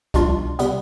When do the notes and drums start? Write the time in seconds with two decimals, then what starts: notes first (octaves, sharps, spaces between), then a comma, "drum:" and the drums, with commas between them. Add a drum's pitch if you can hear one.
0.14 C2 B2 G3 D4 F4, drum: kick C2, hi-hat
0.59 C3 G3 B3, drum: hi-hat